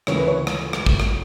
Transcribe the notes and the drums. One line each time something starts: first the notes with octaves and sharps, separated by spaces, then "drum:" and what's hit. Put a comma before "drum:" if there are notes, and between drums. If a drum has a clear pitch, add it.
D2 C#3 E3 A#3 C#5, drum: rim click
B4
C#5
drum: rim click
drum: rim click
drum: kick
drum: rim click